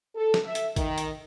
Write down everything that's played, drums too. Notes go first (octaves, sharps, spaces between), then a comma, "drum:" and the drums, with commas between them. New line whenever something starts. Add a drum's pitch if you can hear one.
A4
drum: snare
E5
drum: hi-hat
D#3, drum: kick A1, hi-hat
drum: hi-hat